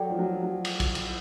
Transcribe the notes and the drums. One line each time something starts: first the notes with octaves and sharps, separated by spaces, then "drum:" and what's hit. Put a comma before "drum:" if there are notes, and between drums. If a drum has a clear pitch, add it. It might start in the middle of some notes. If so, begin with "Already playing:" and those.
Already playing: F#3 A4 D5 G5
F3
F#3
F#3
drum: cymbal
drum: kick A#1, cymbal
drum: cymbal